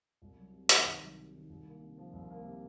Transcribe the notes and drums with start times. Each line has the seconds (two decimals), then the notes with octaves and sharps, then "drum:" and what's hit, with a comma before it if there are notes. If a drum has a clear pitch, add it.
0.22 C2
0.37 F#3
0.53 C3
0.69 D#3, drum: hi-hat
0.85 C2
1.01 F#3
1.17 C3
1.34 D#3
1.50 C2
1.66 A#3
1.81 C3
1.98 F3
2.13 C2
2.30 A#3
2.46 C3